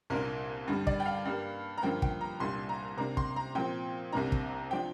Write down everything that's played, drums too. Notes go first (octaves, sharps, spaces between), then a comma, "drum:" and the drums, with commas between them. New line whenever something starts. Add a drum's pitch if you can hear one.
C2 A#2 A#3 D4 A#4
G2 D3 G3
D5, drum: kick
G5
F5
G2 G3 A#3
A#5
G2 D3 F3 A#3 G5
G5, drum: kick
A#5
C2 A#2 G3 D4 C6
A#5
C3 A#3 D4 A#5
C6, drum: kick
A#5
A#2 F3 C4 G5
C2 C3 A#3 D4 A#5
drum: kick
F3 D4 G5